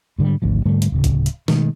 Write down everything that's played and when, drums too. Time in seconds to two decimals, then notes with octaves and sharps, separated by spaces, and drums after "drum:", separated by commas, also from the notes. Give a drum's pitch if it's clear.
0.18 G#2 D3 F#3 G3
0.42 G#1 D2 F3
0.65 G#2 D3 G3 A3
0.82 drum: hi-hat
0.92 D1 C#3
1.04 drum: kick, hi-hat
1.26 drum: hi-hat
1.48 B2 D#3 G#3 A3, drum: snare